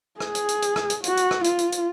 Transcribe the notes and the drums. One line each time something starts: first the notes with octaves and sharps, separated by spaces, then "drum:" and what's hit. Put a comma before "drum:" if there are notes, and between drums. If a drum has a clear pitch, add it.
G#4, drum: rim click
drum: hi-hat
drum: hi-hat
drum: hi-hat
drum: rim click
drum: hi-hat
F#4, drum: hi-hat
drum: hi-hat
drum: rim click
F4, drum: hi-hat
drum: hi-hat
drum: hi-hat